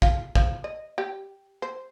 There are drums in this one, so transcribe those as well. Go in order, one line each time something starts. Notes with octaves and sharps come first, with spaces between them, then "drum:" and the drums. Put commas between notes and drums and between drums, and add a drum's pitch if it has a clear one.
F4, drum: kick
F3, drum: kick
D#5
G4
C5